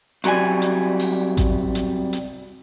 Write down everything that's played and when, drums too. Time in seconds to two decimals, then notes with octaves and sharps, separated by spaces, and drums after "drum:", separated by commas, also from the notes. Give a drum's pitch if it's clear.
0.24 C2 F#3 G3 G#5, drum: hi-hat
0.62 drum: hi-hat
0.99 drum: open hi-hat
1.37 drum: kick A1, hi-hat
1.75 drum: hi-hat
2.13 drum: hi-hat